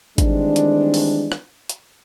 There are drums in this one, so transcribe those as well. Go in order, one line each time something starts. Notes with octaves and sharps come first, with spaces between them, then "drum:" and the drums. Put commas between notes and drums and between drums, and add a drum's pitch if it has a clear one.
D#3 E3 G3 G#3 C4 D4, drum: kick G#1, hi-hat
drum: hi-hat
drum: open hi-hat
drum: rim click
drum: hi-hat